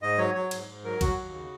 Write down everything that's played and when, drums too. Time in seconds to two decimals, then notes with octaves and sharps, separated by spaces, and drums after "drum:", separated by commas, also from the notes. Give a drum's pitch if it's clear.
0.02 G#2 D#5
0.18 F#3 C#5
0.35 F#3 C#5
0.51 G#2, drum: cymbal
0.68 G#2
0.84 F#3 A#4
1.01 F#3 F#4, drum: kick, cymbal
1.17 D#2
1.34 C#3